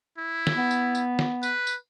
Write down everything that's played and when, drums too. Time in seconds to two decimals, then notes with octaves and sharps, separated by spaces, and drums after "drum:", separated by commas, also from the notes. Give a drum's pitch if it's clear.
0.18 E4
0.47 drum: snare
0.57 B3
0.71 drum: tambourine
0.95 drum: tambourine
1.19 drum: snare
1.43 B4, drum: tambourine
1.67 drum: tambourine